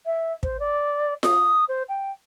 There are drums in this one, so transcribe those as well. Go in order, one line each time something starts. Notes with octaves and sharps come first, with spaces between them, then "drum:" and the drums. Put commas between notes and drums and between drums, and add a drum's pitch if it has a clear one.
E5
C5, drum: kick
D5
D#6, drum: snare F4
C5
G5